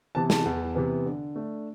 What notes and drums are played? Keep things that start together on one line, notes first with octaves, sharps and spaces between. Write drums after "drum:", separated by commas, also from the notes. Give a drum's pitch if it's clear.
C3 E3 B3 A5
A5, drum: snare
E2
C3 E3 B3
D3
A3 D4